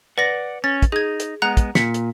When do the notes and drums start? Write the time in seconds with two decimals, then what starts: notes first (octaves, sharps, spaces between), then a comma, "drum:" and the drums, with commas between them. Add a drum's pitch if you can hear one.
0.18 B4 D5 F#5 A#6
0.64 C#4 A6
0.82 drum: kick, hi-hat
0.92 D#4 G#4 G#6
1.20 drum: hi-hat
1.42 G#3 B3 F#5 A#5 F#6
1.57 drum: kick, hi-hat
1.75 A#2 B6 C#7, drum: snare
1.94 drum: hi-hat